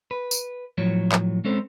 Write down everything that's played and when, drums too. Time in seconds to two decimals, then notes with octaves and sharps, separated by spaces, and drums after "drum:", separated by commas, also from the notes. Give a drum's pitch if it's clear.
0.11 B4
0.31 drum: tambourine
0.78 A2 F3 F#3 C#5
1.12 drum: clap
1.45 G#3 C4 C#4 A4 C5